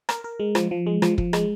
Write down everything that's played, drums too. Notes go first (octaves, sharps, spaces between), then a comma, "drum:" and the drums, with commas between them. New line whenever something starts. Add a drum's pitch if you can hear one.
A#4, drum: rim click
A#4
G#3
F3, drum: rim click
F3
G#3
F3, drum: rim click
F3, drum: kick
G#3, drum: rim click